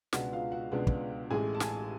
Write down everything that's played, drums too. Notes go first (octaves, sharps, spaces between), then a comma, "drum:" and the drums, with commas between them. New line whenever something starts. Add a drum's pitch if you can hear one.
C#2 B2 G#3 B3 D4 F#4 F#5, drum: snare
F4 F5
F#4 F#5
C#2 B2 G#3 B3 D4
drum: kick
A1 A2 G#3 G#4 G#5
A5
G#4 G#5, drum: snare